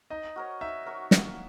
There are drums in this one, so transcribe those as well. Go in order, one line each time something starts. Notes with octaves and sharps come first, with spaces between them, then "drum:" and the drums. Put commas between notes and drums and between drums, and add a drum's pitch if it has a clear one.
D#4 D#5
F#4 A#4 C#5
D#4 E5
F#4 A#4 C#5
A#3, drum: snare